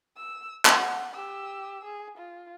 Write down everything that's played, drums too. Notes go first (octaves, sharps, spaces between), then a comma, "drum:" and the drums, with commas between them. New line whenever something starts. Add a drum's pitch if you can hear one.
E6
F#5, drum: clap
G4 E6
G#4
F4